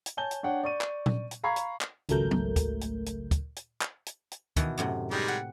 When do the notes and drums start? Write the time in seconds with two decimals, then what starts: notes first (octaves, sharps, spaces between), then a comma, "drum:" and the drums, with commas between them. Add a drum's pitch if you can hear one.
0.06 drum: hi-hat
0.17 C#5 G#5 A5 G6 G7
0.31 drum: hi-hat
0.43 D4 C#5 F#5 G5
0.63 D5 C#6 D#7
0.81 drum: clap
1.06 drum: tom A#2
1.31 drum: hi-hat
1.44 F5 A#5 B5 C#6 G#6 C7
1.56 drum: hi-hat
1.81 drum: clap
2.09 G#1 C#2 F#3 A3 A#4 G6, drum: hi-hat
2.31 drum: tom F#3
2.56 drum: kick, hi-hat
2.81 drum: hi-hat
3.06 drum: hi-hat
3.31 drum: kick, hi-hat
3.56 drum: hi-hat
3.81 drum: clap
4.06 drum: hi-hat
4.31 drum: hi-hat
4.56 B2 D#3 E3, drum: kick, hi-hat
4.78 F#2 A2 C3
5.11 D#3 G3 G#3 G4
5.28 F#5